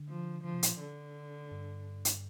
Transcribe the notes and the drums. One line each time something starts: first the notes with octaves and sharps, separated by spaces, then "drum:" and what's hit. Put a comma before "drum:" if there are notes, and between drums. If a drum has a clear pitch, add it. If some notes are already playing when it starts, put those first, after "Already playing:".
Already playing: D3
F3
D3 F3
C3
A#2, drum: hi-hat
D3
G2
drum: hi-hat